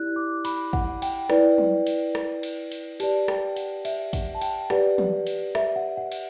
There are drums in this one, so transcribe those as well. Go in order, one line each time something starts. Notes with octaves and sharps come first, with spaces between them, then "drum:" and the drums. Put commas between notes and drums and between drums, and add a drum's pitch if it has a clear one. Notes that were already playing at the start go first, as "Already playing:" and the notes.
Already playing: E4 G4 D5 F#6
D6
B5, drum: cymbal
F#5, drum: kick
G5, drum: cymbal
E4 B4 D5, drum: rim click
drum: tom
drum: cymbal
drum: rim click
drum: cymbal
drum: cymbal
G4 B4 D5 A5, drum: cymbal
G5, drum: rim click
F#5, drum: cymbal
E5, drum: cymbal
F#5, drum: kick, cymbal
A5
G5, drum: cymbal
G4 B4 D5 F#5, drum: rim click
drum: tom E3
drum: cymbal
E5, drum: rim click
F#5
F#5
drum: cymbal